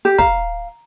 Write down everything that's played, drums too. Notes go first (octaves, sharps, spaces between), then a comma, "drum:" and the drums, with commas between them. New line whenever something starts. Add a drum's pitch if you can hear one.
G4
F5 A#5, drum: kick